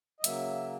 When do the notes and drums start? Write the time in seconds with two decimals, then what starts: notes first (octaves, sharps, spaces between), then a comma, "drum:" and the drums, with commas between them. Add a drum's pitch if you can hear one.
0.20 D#5
0.24 C#3 F#3 A#3 E5, drum: hi-hat